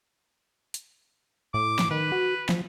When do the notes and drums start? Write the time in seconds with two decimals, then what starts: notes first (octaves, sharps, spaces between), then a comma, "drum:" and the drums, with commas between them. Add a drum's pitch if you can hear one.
0.74 drum: hi-hat
1.54 A2 D6
1.79 drum: snare
1.91 D#3 B4
2.12 F#4
2.49 F3, drum: snare